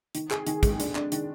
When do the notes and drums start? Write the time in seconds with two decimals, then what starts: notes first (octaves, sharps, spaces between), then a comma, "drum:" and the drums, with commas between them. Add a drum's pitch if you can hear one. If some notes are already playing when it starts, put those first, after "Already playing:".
0.15 D#3, drum: hi-hat
0.31 G#4, drum: clap
0.47 D#3, drum: hi-hat
0.63 G#3, drum: kick, hi-hat
0.80 D4, drum: hi-hat
0.95 D4, drum: clap
1.12 D#3, drum: hi-hat